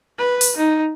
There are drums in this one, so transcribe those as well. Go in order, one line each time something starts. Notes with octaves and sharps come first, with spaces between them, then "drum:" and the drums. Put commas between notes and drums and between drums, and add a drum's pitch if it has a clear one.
B4
drum: open hi-hat
D#4